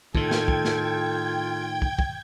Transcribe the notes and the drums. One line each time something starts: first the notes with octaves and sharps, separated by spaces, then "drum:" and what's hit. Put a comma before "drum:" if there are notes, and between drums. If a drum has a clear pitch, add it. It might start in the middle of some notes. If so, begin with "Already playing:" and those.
A2 D#3 F4 A4 G5 G#6, drum: kick
drum: snare
drum: kick
drum: snare
drum: kick
drum: kick